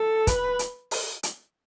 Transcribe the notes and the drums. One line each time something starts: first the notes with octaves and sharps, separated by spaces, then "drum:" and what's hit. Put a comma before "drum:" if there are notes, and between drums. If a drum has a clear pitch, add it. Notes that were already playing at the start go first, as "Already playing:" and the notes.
Already playing: A4
B4, drum: kick, hi-hat
drum: hi-hat
drum: open hi-hat
drum: hi-hat